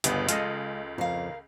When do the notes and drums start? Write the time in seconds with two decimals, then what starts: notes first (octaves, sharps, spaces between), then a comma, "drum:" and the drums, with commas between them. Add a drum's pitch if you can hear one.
0.04 G1 C#2 B3 G#5, drum: hi-hat
0.29 G#3 F4 A4 D#5, drum: hi-hat
0.98 F2 A#4 F5